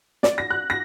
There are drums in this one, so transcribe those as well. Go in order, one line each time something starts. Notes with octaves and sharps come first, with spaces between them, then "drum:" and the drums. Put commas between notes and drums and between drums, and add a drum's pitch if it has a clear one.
D5, drum: snare
A#6
F#6
A#6